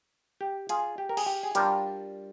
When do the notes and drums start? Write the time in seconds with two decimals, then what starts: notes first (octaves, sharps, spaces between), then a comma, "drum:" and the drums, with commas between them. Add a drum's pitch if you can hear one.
0.41 G4
0.69 F4 G#4, drum: hi-hat
0.98 G4
1.09 A#4
1.17 G#4, drum: cymbal
1.26 G4
1.43 G#4
1.55 G3 D4 F4 G4 A#4, drum: hi-hat